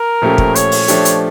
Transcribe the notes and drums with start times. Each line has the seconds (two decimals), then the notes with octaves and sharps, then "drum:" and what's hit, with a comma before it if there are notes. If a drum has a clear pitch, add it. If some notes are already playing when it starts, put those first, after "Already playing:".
Already playing: A#4
0.22 A#2 F3 A3 C#4 G4
0.38 drum: kick
0.55 C#5, drum: hi-hat
0.72 drum: open hi-hat
0.88 F3 A3 D4 G4, drum: hi-hat
1.05 drum: hi-hat